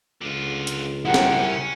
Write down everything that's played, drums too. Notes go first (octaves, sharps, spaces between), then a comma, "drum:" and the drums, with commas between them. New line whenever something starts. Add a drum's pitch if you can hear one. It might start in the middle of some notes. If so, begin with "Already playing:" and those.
C#2 D3 F4
drum: hi-hat
F#2 F3 E4 G4 A#4 F#5
drum: snare
C#4